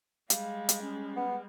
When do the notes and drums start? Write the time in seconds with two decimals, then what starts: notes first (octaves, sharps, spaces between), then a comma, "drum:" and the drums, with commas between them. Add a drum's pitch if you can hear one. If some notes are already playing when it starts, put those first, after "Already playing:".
0.30 G3 G#3 F5, drum: hi-hat
0.69 drum: hi-hat
0.82 C#4
1.16 B3